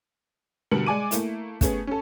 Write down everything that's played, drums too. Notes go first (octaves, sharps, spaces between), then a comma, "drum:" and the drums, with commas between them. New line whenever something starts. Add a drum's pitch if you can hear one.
B2 D3 G3 A#4 C#7 F#7
G#3 D5 G#5 D6 D#7
A3 A#3 E4, drum: hi-hat
A3 B3 C#4 G#4, drum: kick, hi-hat
C#4 A4